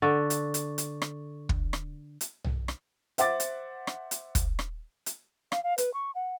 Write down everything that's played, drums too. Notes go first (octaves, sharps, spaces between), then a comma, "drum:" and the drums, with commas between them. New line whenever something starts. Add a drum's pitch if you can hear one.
D3 A4 C#6 A6
drum: hi-hat
drum: hi-hat
drum: hi-hat
drum: rim click
drum: kick
drum: rim click
drum: hi-hat
drum: tom
drum: rim click
C5 E5 F#5 D6 A6, drum: hi-hat
drum: hi-hat
drum: rim click
drum: hi-hat
drum: kick, hi-hat
drum: rim click
drum: hi-hat
F5, drum: rim click
F5
B4, drum: hi-hat
C#6
F#5